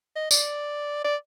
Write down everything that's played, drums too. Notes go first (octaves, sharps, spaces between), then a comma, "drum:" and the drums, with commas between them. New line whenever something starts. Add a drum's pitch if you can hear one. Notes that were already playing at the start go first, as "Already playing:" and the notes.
D#5
D5, drum: tambourine
D5